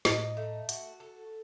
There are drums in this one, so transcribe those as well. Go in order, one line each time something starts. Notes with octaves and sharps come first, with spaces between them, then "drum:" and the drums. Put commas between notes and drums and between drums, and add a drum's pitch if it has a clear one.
A2 D#4, drum: snare
A3
F#4, drum: hi-hat
A4